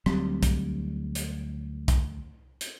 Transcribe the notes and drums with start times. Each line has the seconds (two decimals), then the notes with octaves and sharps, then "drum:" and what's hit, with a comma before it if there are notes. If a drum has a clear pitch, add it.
0.06 D2 F#3 G3 C4, drum: rim click
0.43 drum: kick A#1, hi-hat
1.15 drum: hi-hat
1.88 drum: kick A#1, hi-hat
2.61 drum: hi-hat